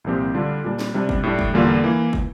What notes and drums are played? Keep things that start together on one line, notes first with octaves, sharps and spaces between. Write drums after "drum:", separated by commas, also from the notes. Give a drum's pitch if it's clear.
C2 A#2 F3 C4 G4
D3 G3 D4 F4
A#2 G3 D4
drum: snare C#4
C3 G3 D4
drum: kick
A2 G3 D4
drum: kick
E2 D3 G3 A#3 F4
E3 A#3
drum: kick